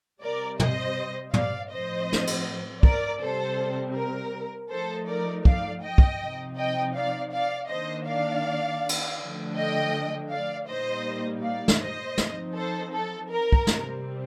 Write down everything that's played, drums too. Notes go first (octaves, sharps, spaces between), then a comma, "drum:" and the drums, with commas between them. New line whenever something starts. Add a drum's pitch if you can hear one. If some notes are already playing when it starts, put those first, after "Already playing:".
C3 G3 C4 A#4 D5
C5 D#5, drum: tom
D5 F5, drum: tom
A2 F3 C4 C5 D#5
drum: snare
drum: cymbal
A#4 D5, drum: kick
C3 G3 C4 A4 C5
A#4
F3 A3 D#4 A4 C5
A#4 D5
D5 F5, drum: kick
D#5 G5
drum: kick
C3 F3 C4 D#4
D#5 G5
D5 F5
D5 F5
D#3 A#3 D4 C5 D#5
D5 F5
drum: cymbal
D3 F3 A3 D4
D#5 G5
D5 F5
A#2 G3 A#3 D#4 C5 D#5
D5 F5
drum: snare
C5 D#5
F3 C4 D#4, drum: snare
A4 C5
A4
A#4
drum: kick
C3 G3 C4, drum: snare